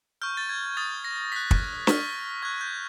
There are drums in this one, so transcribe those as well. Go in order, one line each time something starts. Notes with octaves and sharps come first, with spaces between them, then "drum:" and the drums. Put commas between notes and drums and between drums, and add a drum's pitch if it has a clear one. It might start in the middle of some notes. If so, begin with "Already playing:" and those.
C#6 F6 G6
A6
G#6
D#6 G6 A6
A#6
D#6 F#6 B6
drum: kick
C#6 F6 B6, drum: snare
C#6 F#6 G#6
G6